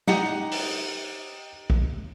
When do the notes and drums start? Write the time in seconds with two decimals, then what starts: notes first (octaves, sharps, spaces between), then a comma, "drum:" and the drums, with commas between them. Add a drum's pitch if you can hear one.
0.07 D#4 G4 D#5 F#5, drum: snare
0.52 drum: open hi-hat
1.70 drum: kick A#1